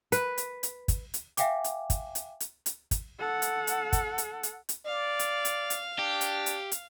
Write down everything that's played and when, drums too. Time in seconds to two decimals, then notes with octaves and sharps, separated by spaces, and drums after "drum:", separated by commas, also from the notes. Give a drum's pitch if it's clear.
0.12 B4, drum: hi-hat
0.38 drum: hi-hat
0.63 drum: hi-hat
0.88 drum: kick, hi-hat
1.14 drum: hi-hat
1.37 E5 F5 G5 G#5 D6, drum: hi-hat
1.64 drum: hi-hat
1.90 drum: kick, hi-hat
2.15 drum: hi-hat
2.40 drum: hi-hat
2.66 drum: hi-hat
2.91 drum: kick, hi-hat
3.20 A4 F#5
3.42 drum: hi-hat
3.67 drum: hi-hat
3.93 drum: kick, hi-hat
4.18 drum: hi-hat
4.43 drum: hi-hat
4.69 drum: hi-hat
4.86 D5 F5
5.19 drum: hi-hat
5.45 drum: hi-hat
5.70 drum: hi-hat
5.99 D4 G4
6.21 drum: hi-hat
6.46 drum: hi-hat
6.72 drum: hi-hat